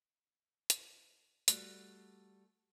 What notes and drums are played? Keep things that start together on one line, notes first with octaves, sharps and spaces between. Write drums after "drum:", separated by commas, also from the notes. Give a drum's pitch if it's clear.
drum: hi-hat
G3 A3 F#4, drum: hi-hat